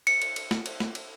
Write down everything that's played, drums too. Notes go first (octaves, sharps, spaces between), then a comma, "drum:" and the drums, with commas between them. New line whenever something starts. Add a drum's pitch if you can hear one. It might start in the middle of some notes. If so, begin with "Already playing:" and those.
C#7, drum: cymbal
drum: cymbal
drum: cymbal
drum: snare
drum: cymbal
drum: snare
drum: cymbal